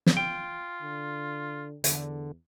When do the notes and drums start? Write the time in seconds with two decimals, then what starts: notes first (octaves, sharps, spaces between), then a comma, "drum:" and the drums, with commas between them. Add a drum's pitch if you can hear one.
0.06 drum: snare
0.17 F4 G5
0.82 D3
1.84 E2 D3, drum: hi-hat